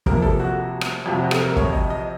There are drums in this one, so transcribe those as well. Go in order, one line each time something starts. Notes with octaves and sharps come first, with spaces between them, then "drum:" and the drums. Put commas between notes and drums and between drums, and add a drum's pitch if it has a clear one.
F2 C3 F3 A#3 A#4, drum: kick
A4
F#4
drum: rim click
F2 C3 F#3 F4
F#4
A4, drum: rim click
A#4
C#5, drum: kick
D#5
D#5